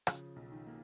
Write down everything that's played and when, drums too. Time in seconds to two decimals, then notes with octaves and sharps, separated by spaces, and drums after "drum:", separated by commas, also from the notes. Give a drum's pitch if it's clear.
0.07 C#3 F3, drum: rim click
0.36 B1
0.52 D#3
0.67 A#3